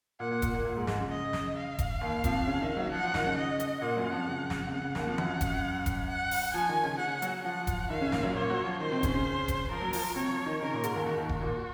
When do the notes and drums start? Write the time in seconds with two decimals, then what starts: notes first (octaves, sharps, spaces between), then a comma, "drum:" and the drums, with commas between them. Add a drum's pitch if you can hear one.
0.20 A#2 A#3 F#5
0.31 A#2 A#3
0.42 A#2 A#3, drum: kick E1, hi-hat
0.54 A#2 A#3
0.65 A#2 A#3
0.77 G#2 G#3
0.87 G#2 G#3, drum: snare
0.99 C#3
1.10 D#5
1.33 drum: snare
1.56 F5
1.78 drum: kick E1, hi-hat
2.01 D#2 D#3
2.24 F2 F3, drum: kick E1, hi-hat
2.46 C#3 C#4
2.61 D#3 D#4
2.77 F#3 F#4
2.91 F3 F4 F#5
3.03 F3 F4
3.14 D#3 D#4, drum: snare
3.26 C#3 C#4
3.37 D#5
3.60 drum: hi-hat
3.82 A#2 A#3 F#5
3.97 F#2 F#3
4.12 F2 F3
4.27 C#3
4.50 drum: snare
4.67 C3
4.73 C#3 F#5
4.84 C#3
4.95 D#2 D#3, drum: snare
5.06 F2 F3
5.18 F#2 F#3, drum: tom E3
5.41 drum: kick E1, hi-hat
5.86 drum: kick E1, hi-hat
6.08 F#5
6.31 drum: open hi-hat
6.54 F3 F4 G#5
6.69 D#3 D#4
6.83 C#3 C#4
6.99 C#3 C#4 F#5
7.22 F#3 F#4, drum: hi-hat
7.45 F3 F4 F#5
7.67 drum: kick E1, hi-hat
7.90 D#3 D#4 F5
8.01 C#3 C#4
8.12 A#2 A#3, drum: snare
8.23 F#2 F#3
8.35 A#2 A#3 C#5
8.50 F#3 F#4
8.65 F3 F4
8.80 D#3 D#4 C5
8.92 C3 C4
9.03 C#3 C#4, drum: kick E1, hi-hat
9.14 C#3 C#4
9.26 C#3 C#4
9.48 drum: kick E1, hi-hat
9.71 F3 F4 A#4
9.82 F#3 F#4
9.93 F3 F4, drum: open hi-hat
10.15 C3 C4 C#5
10.31 F3 F4
10.46 D#3 D#4
10.61 C#3 C#4 A#4
10.73 A#2 A#3
10.83 G#2 G#3, drum: hi-hat
10.95 D#2 D#3
11.06 D#2 D#3 F#4
11.17 D#2 D#3
11.29 drum: kick E1
11.40 A#2 A#3